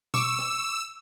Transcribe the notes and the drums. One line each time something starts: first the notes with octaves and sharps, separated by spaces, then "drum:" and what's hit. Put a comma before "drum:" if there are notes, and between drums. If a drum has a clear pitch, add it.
C#6 D6 E6, drum: tom B2
drum: rim click